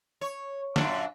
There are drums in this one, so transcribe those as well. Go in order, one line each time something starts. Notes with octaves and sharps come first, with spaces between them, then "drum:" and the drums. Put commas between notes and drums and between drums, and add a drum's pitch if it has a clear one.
C#5
F#2 A#2 D4, drum: snare